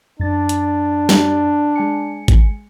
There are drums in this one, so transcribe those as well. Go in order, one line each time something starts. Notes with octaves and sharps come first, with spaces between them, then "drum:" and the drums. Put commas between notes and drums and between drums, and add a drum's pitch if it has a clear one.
F#2 D4 A6
drum: hi-hat
drum: snare
G#3 G#5 C#7
drum: kick G#1, hi-hat